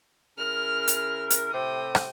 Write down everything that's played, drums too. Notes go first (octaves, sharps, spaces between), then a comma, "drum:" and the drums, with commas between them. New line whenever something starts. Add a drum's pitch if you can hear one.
C#3 E4 A#4 F6
drum: hi-hat
drum: hi-hat
A2 C3 G5 D#6
drum: rim click